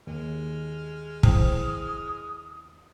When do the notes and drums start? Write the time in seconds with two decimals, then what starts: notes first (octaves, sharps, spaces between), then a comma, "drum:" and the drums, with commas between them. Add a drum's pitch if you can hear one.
0.07 D#2 G#3 F6
1.23 E4 C5 G5 D#6, drum: kick